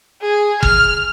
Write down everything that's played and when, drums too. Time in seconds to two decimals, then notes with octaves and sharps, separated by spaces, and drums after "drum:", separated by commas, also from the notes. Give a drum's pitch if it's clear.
0.22 G#4
0.63 F6, drum: kick G1